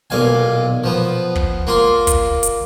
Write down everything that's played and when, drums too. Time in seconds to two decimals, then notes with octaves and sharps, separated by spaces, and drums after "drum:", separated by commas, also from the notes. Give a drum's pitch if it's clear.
0.10 B1 A#2 F5 G#5
0.84 F3 B3
1.35 drum: kick
1.67 A#3 F4 C6
2.07 drum: kick, hi-hat
2.43 drum: hi-hat